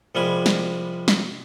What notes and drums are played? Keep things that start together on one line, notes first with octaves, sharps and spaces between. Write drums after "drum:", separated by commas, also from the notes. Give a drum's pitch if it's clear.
C2 F3 G3 G#3 G#5 B5
drum: snare
drum: snare